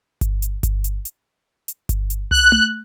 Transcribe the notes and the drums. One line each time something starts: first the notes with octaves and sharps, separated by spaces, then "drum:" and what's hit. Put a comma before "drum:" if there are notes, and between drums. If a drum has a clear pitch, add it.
drum: kick G1, hi-hat
drum: hi-hat
drum: kick G1, hi-hat
drum: hi-hat
drum: hi-hat
drum: hi-hat
drum: kick G1, hi-hat
drum: hi-hat
F#6, drum: tom
drum: tom A3